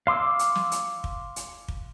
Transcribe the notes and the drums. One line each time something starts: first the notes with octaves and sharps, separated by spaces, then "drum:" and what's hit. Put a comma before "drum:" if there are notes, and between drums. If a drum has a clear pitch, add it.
F5 C6 D6 E6
drum: hi-hat
drum: snare
drum: hi-hat
drum: kick
drum: hi-hat
drum: kick